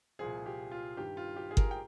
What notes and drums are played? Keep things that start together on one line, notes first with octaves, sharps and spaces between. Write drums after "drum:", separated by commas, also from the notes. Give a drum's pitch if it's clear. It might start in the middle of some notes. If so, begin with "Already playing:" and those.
C2 A#2 F3 G#4
G4
F4
G2 D#3 G4
F4
G4
G#4
A#4, drum: kick G1
G5